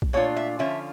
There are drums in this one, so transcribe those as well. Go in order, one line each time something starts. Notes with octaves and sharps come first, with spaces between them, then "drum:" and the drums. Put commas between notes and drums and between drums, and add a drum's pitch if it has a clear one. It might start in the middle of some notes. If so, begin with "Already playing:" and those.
drum: kick A#1
A#2 A3 D4 F4 C#5
E5
D3 F3 C#4 F4 E5